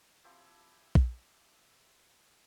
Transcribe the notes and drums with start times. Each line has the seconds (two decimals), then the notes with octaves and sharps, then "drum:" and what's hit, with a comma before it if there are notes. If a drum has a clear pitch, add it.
0.24 F3 C4 E4 G4
0.95 drum: kick